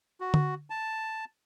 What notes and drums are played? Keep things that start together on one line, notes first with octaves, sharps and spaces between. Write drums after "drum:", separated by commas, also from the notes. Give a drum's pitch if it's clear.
F#4
drum: tom D3
A5